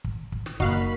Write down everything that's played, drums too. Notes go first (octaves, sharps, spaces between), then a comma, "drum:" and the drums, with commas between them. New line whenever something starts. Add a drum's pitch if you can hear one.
drum: kick
drum: kick
drum: snare
F#1 A#3 D#4 F#4 F5 B5 F#6, drum: kick